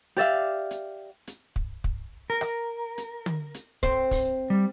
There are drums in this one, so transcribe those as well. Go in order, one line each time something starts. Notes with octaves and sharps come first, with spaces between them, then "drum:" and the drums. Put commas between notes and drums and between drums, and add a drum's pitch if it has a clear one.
G4 D5 E5 F5
drum: hi-hat
drum: hi-hat
drum: kick
drum: kick
A#4
drum: rim click
drum: hi-hat
drum: tom
drum: hi-hat
C4, drum: kick
drum: kick, open hi-hat
G3